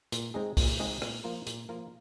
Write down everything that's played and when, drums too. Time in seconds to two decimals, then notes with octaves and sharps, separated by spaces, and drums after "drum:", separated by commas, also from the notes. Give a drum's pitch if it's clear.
0.12 A#2, drum: hi-hat
0.34 G#3 C4 D#4 G#4
0.57 A#2, drum: kick C2, open hi-hat
0.80 G#3 C4 D#4 G#4
1.02 A#2, drum: rim click
1.24 F3 A#3 F4 A#4
1.47 A#2, drum: hi-hat
1.69 F3 A#3 F4 A#4